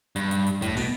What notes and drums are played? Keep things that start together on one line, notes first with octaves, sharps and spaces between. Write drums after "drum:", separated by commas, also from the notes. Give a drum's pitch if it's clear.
G2, drum: hi-hat
drum: hi-hat
drum: hi-hat
A2, drum: kick, hi-hat
B2, drum: open hi-hat